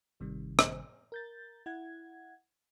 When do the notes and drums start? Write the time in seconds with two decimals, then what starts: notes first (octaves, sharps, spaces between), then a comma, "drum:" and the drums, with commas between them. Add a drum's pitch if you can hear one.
0.20 G#1 C3 D#3 G3
0.59 drum: rim click
1.12 A#4 G6 A6
1.66 E4 F#5 G#6